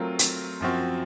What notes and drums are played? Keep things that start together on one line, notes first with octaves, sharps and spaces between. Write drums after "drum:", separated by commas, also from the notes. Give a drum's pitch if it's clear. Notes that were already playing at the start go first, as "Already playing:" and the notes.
Already playing: F#3 A3 C4 F4 A#4
drum: hi-hat
F#2 F3 C4 F#4